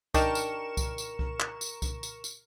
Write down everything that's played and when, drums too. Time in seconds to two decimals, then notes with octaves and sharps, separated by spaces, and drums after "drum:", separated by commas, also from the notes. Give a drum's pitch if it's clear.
0.14 D4 D#4 G4 A#4 C#6 E7, drum: kick C2, tambourine
0.35 drum: tambourine
0.77 drum: kick C2, tambourine
0.98 drum: tambourine
1.19 drum: kick C2
1.40 drum: clap
1.61 drum: tambourine
1.82 drum: kick C2, tambourine
2.03 drum: tambourine
2.24 drum: tambourine